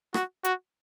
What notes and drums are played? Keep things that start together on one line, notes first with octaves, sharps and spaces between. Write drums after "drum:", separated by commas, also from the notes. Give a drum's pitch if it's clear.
F#4, drum: rim click
F#4, drum: hi-hat